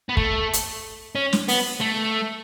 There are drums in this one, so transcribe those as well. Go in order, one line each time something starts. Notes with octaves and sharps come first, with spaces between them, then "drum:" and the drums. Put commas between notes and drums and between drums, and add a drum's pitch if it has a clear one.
B3
A3, drum: kick
drum: hi-hat
C#4
drum: snare
B3, drum: open hi-hat
A3